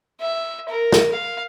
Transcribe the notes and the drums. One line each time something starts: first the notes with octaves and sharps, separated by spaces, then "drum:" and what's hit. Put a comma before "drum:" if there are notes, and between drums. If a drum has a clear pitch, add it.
E5
A#4
drum: snare
F5